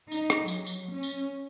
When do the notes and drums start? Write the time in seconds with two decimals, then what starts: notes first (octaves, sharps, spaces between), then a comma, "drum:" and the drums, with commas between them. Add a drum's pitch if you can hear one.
0.12 D#4, drum: tambourine
0.30 drum: rim click
0.48 F#3, drum: tambourine
0.66 drum: tambourine
0.94 C#4
1.03 drum: tambourine